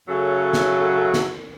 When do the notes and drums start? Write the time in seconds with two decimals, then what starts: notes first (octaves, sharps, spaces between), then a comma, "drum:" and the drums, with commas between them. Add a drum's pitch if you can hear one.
0.08 F#2 C#3 F#3 A3 A4 C#5
0.53 drum: snare
1.14 drum: snare